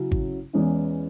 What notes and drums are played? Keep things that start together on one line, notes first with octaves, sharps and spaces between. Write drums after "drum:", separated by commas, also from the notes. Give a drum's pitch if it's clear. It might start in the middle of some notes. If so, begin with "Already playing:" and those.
Already playing: C#3 F#3 C#4 E4
drum: kick G#1
E2 E3 G#3 C#4 E4